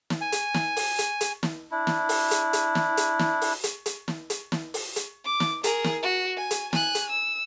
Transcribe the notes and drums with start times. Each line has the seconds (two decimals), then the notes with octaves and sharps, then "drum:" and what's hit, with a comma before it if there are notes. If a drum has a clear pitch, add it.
0.10 drum: snare
0.21 G#5
0.32 drum: hi-hat
0.54 drum: snare
0.76 drum: open hi-hat
0.99 drum: hi-hat
1.21 drum: hi-hat
1.43 drum: snare
1.71 D4 E4
1.87 drum: snare
2.09 drum: open hi-hat
2.31 drum: hi-hat
2.53 drum: hi-hat
2.75 drum: snare
2.97 drum: hi-hat
3.19 drum: snare
3.41 drum: open hi-hat
3.64 drum: hi-hat
3.86 drum: hi-hat
4.08 drum: snare
4.30 drum: hi-hat
4.52 drum: snare
4.74 drum: open hi-hat
4.96 drum: hi-hat
5.25 D6
5.40 drum: snare
5.64 G#4 A#4, drum: hi-hat
5.84 drum: snare
6.03 F#4
6.37 G#5
6.51 drum: hi-hat
6.73 G#5 F#6, drum: snare
6.95 drum: hi-hat
7.10 E6